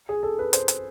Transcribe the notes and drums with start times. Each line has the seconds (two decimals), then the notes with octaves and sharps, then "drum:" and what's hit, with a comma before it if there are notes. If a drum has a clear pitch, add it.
0.09 G#4
0.23 A4
0.39 B4
0.53 C5, drum: hi-hat
0.68 drum: hi-hat